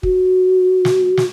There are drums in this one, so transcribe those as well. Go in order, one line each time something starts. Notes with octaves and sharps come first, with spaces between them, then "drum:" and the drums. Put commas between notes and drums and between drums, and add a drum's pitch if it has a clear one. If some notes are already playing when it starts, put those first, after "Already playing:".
F#4, drum: kick
drum: snare
drum: snare